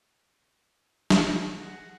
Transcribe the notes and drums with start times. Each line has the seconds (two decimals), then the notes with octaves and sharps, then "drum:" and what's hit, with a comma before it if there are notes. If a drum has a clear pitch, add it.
1.10 drum: snare
1.59 F#4 G#4 F#5